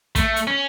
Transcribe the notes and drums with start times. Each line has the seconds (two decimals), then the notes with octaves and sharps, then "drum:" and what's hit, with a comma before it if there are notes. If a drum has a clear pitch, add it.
0.15 A3, drum: kick, hi-hat
0.36 drum: hi-hat
0.47 C#4